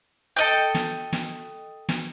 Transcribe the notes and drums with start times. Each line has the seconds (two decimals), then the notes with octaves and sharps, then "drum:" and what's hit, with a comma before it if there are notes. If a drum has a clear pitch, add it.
0.37 A4 D#5 G5
0.75 drum: snare
1.13 drum: snare
1.89 drum: snare